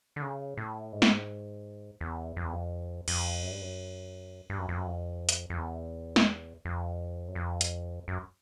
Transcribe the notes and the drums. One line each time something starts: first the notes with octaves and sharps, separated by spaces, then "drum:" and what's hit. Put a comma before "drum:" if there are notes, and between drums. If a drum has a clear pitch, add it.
D3
C#3
A2
G#2
A2, drum: snare
G#2
E2
F2
E2
F2
F2, drum: cymbal
F#2
G2
F#2
G2
F#2
F2
F#2
F2
drum: hi-hat
F2
E2
drum: snare
F2
F#2
F2
drum: hi-hat
F#2